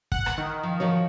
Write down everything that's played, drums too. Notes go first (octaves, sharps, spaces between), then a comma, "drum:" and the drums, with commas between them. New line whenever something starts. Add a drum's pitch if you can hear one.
F#5, drum: kick
drum: rim click
D#3
F3
F3 F#4 C#5